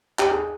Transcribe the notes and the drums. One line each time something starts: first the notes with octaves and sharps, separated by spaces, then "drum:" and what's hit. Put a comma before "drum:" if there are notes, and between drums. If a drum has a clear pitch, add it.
G4, drum: clap
G#4